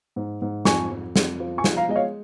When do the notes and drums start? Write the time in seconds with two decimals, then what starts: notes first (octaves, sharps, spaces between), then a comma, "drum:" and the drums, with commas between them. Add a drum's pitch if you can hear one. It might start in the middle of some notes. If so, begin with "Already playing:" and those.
0.16 G#2
0.42 G#2
0.65 F2 G#5 C#6, drum: snare
0.90 F2
1.16 F2, drum: snare
1.40 F3
1.58 G#5 C#6
1.64 F3, drum: snare
1.77 F5 A#5
1.89 G#3 D#5
1.96 C#5 F5